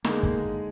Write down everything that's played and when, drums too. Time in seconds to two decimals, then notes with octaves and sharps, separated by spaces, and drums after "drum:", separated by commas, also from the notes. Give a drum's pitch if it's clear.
0.04 D3 G#3 A#3 D#4 G#4, drum: snare
0.23 drum: kick